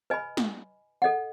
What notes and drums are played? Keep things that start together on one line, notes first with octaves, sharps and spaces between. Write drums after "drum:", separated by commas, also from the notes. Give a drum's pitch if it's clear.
B4 D#5 G#5 B5
drum: snare
A4 D#5 F#5